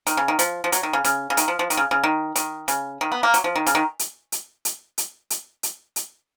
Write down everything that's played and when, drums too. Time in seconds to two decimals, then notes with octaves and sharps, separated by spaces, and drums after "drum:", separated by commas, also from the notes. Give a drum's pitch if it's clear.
0.07 D#3, drum: hi-hat
0.17 C#3
0.28 D#3
0.39 F3, drum: hi-hat
0.64 F3
0.72 F#3, drum: hi-hat
0.83 D#3
0.93 C#3
1.04 C#3, drum: hi-hat
1.30 C#3
1.37 D#3, drum: hi-hat
1.48 F3
1.59 F3
1.70 D#3, drum: hi-hat
1.77 C#3
1.91 C#3
2.04 D#3
2.36 D#3, drum: hi-hat
2.68 C#3, drum: hi-hat
3.01 D#3
3.12 B3
3.23 A#3
3.34 F#3, drum: hi-hat
3.44 F3
3.56 D#3
3.67 C#3, drum: hi-hat
3.75 D#3
3.99 drum: hi-hat
4.32 drum: hi-hat
4.65 drum: hi-hat
4.98 drum: hi-hat
5.30 drum: hi-hat
5.63 drum: hi-hat
5.96 drum: hi-hat